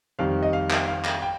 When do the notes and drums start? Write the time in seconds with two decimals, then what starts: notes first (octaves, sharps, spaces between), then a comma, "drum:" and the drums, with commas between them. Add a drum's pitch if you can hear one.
0.19 F2 D#3 G3 F5
0.43 D#5
0.53 F5
0.70 drum: clap
0.88 F5
1.05 drum: clap
1.22 G5